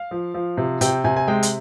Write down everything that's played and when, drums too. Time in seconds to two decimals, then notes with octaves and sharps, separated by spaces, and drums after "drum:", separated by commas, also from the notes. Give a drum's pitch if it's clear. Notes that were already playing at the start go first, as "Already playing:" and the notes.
Already playing: F5
0.11 F3
0.34 F3
0.57 C3
0.81 C3 G5, drum: hi-hat
1.04 C3 G#5
1.16 G#5
1.28 G#3 G5
1.43 drum: hi-hat